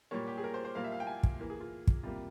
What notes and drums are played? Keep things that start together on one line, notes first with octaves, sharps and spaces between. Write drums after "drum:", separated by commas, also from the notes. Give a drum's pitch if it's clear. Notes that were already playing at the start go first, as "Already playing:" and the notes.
A#2 G3 A#3 C#5
G4
G#4
A#4
C5
C5
A#2 G3 A#3 F5
E5
F5
G5
G#5
drum: kick
E3 A#3
G#4
F4
drum: kick
C3 G3 A#3 F4